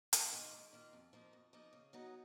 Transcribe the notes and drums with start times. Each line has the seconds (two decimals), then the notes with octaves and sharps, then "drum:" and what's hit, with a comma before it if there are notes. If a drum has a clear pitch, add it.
0.13 G#2, drum: hi-hat
0.33 D#3 A#3 F4
0.53 G#2
0.73 D#3 A#3 F4
0.93 F2
1.13 F3 A#3 D#4
1.33 F2
1.53 F3 A#3 D#4
1.73 C#3
1.93 F#3 B3 D#4